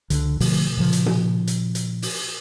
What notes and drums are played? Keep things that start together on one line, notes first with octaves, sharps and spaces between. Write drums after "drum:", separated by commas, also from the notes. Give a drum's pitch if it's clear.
C#2 D3, drum: hi-hat
B2 D3 F3 A3, drum: open hi-hat
A#2 C#3 F3
drum: hi-hat
drum: tom B2
drum: hi-hat
drum: hi-hat
drum: open hi-hat